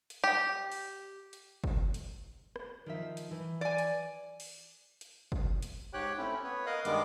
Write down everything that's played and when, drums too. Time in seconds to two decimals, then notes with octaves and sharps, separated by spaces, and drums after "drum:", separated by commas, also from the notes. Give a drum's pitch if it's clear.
0.10 drum: hi-hat
0.24 G4
0.72 drum: open hi-hat
1.33 drum: hi-hat
1.64 drum: kick
1.94 drum: hi-hat
2.56 drum: rim click
2.86 D#3 F3 E5
3.17 drum: hi-hat
3.31 E3
3.61 D5 G#5
3.78 drum: hi-hat
4.40 drum: open hi-hat
5.01 drum: hi-hat
5.32 drum: kick
5.62 drum: hi-hat
5.93 G#2 G4 C#5 G5 F#6
6.18 A3 C4 C#4 E4
6.44 B3 B4 C#5
6.66 A#4 D#5 F5 D#6 F#6
6.85 G2 D#3 G3 G#3 B3 D6, drum: hi-hat